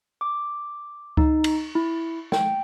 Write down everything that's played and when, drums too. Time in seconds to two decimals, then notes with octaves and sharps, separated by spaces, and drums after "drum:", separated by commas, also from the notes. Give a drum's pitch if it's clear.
0.21 D6
1.17 D#4, drum: kick C#2
1.44 drum: cymbal
1.75 E4
2.32 G5, drum: snare